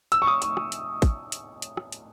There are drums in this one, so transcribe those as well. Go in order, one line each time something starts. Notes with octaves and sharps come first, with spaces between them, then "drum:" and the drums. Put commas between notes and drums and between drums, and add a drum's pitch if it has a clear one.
E6, drum: hi-hat
C#6
D#6
C#6, drum: hi-hat
drum: rim click
drum: hi-hat
drum: kick, hi-hat
drum: hi-hat
drum: hi-hat
drum: rim click
drum: hi-hat